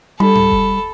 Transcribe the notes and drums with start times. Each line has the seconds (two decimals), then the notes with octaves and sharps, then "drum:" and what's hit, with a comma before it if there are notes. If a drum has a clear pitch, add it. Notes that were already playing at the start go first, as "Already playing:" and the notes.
0.20 G3 A4 B5, drum: tom
0.35 drum: tom G#2
0.51 drum: kick F1